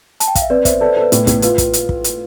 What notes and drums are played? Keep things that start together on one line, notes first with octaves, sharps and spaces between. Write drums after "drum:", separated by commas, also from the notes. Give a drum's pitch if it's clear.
A5, drum: hi-hat
G5
F5, drum: kick, hi-hat
E5
C4 B4 D5
C4 C5 E5, drum: kick, hi-hat
A4 B4 D5
A4 C5
B4
A2, drum: hi-hat
A2, drum: kick, hi-hat
F4 B4, drum: hi-hat
drum: kick, hi-hat
drum: hi-hat
drum: kick
drum: hi-hat